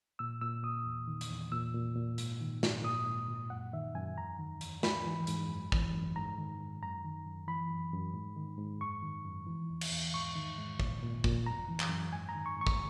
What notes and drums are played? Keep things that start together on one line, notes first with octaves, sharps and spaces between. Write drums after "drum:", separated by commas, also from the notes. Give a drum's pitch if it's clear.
A#2 E6
A#2 E6
A#2 D#6
E2
D#3
drum: hi-hat
E2
A#2 E6
A#2
A#2
G#2, drum: hi-hat
D#3
G#2, drum: snare
A#2 D#6
A#2
A#2
F#2 F#5
D#3 E5
F#2 G#5
E2 A#5
D#3
E2, drum: hi-hat
G#2 B5, drum: snare
E3
G#2, drum: hi-hat
F#2
E3, drum: kick
F#2
G#2 A#5
D#3
G#2
F#2 A#5
D#3
F#2
E3 B5
F#2
F#2
G#2
D#3
G#2
F#2 C#6
D#3
F#2
E3
E2
drum: cymbal
E2
G#2 C#6
D#3
G#2
A#2, drum: kick
A#2
A#2, drum: kick
F#2 A#5
E3
drum: clap
F#2
G#2 G#5
A#5
D#3
C#6
G#2 C#6
drum: kick